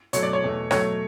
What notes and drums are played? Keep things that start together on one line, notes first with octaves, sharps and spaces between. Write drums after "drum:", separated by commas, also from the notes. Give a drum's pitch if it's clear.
B2 F#3 A3 C#5, drum: hi-hat
D5
C#5
E2 B2 A3
B2 F#3 A3 C#5, drum: rim click